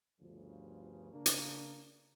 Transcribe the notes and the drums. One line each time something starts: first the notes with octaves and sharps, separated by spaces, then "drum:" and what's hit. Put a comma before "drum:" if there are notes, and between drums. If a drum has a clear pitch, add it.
G1 D2 G2 C#3 F3
C#3 A#3 D4
drum: hi-hat